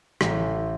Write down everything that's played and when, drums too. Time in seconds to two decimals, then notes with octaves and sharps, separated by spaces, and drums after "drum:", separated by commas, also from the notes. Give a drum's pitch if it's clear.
0.21 A1, drum: rim click